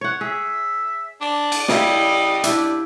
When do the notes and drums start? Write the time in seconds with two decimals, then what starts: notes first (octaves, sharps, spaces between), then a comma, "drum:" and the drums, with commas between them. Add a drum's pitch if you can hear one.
0.01 C#5 F#5
0.21 G#4 E5
1.21 D4 D5
1.52 drum: cymbal
1.68 C#3 G3 E4 G4 D#5, drum: snare
2.44 D4 E4 G4, drum: hi-hat